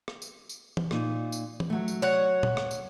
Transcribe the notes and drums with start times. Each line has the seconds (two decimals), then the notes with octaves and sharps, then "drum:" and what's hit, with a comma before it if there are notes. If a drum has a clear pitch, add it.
0.08 drum: rim click
0.22 drum: tambourine
0.49 drum: tambourine
0.77 drum: tom E3
0.91 A#2 D#4, drum: rim click
1.32 drum: tambourine
1.60 drum: tom E3
1.70 F#3 A3
1.88 drum: tambourine
2.02 C#5 F#5
2.43 drum: tom
2.57 drum: rim click
2.71 drum: tambourine